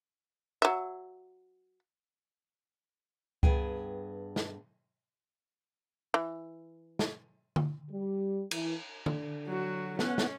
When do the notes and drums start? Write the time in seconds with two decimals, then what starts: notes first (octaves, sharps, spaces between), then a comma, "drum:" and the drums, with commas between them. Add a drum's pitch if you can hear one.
0.62 F#3 E5
3.43 G2 B3 G#4 G5, drum: kick C#2
4.36 drum: snare
6.14 E3
6.99 drum: snare
7.56 drum: tom D3
7.90 G3
8.51 E3, drum: cymbal
9.06 D3, drum: tom D3
9.47 F#3 F#4
9.99 B3 C#4 F#5, drum: snare
10.18 drum: snare